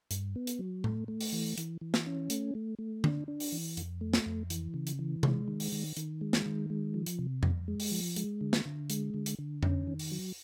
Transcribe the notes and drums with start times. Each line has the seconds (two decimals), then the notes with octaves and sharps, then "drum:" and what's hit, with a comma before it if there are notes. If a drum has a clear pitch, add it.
0.11 G2, drum: hi-hat
0.36 B3
0.47 drum: hi-hat
0.59 F#3
0.84 A3, drum: tom A2
1.08 A3
1.21 drum: open hi-hat
1.33 E3
1.58 E3, drum: hi-hat
1.81 E3
1.94 drum: snare
2.06 C#4
2.30 A3, drum: hi-hat
2.55 A3
2.79 A3
3.04 D4, drum: tom D3
3.28 D4
3.40 drum: open hi-hat
3.52 E3
3.77 F2, drum: hi-hat
4.01 A3
4.13 drum: snare
4.26 F2
4.50 E3, drum: hi-hat
4.74 C#3
4.87 drum: hi-hat
4.99 E3
5.23 G#3, drum: tom C3
5.48 D#3
5.60 drum: open hi-hat
5.72 D#3
5.97 D#3, drum: hi-hat
6.21 G#3
6.33 drum: snare
6.46 D#3
6.70 G#3
6.94 F3
7.06 drum: hi-hat
7.19 C3
7.43 F2, drum: tom F2
7.68 G#3
7.80 drum: open hi-hat
7.92 F3
8.16 G#3, drum: hi-hat
8.41 D3
8.53 drum: snare
8.66 D3
8.90 G#3, drum: hi-hat
9.14 D3
9.26 drum: hi-hat
9.39 D3
9.63 C#4, drum: tom F2
9.87 D#3
9.99 drum: open hi-hat
10.12 F#3